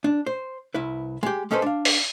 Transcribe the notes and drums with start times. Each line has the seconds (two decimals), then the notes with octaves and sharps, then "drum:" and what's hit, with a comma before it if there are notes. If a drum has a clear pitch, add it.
0.04 D4
0.26 C5
0.74 C2 E4 B4
1.23 G#3 G4
1.51 G#3 C#4 A4 B4 C5
1.62 D4 F5
1.85 drum: open hi-hat